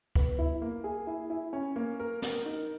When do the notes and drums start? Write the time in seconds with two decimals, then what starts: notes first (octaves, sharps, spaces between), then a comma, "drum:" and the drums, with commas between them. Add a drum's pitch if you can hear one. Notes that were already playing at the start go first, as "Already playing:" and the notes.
0.15 B3, drum: kick
0.39 E4
0.62 A#3
0.84 G#4
1.07 E4
1.30 E4
1.53 C#4
1.76 A#3
2.00 A#4
2.22 A#4, drum: snare
2.46 D#4